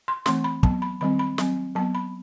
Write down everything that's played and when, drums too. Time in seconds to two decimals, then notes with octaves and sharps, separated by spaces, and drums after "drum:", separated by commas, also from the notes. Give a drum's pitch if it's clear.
0.08 C6
0.26 E3 A3 C4 C6, drum: snare
0.44 B5
0.63 F#3 B3 A5, drum: kick
0.82 B5
1.01 D#3 G3 C4 B5
1.19 B5
1.38 F#3 C4, drum: snare
1.75 F#3 B3 A5
1.95 B5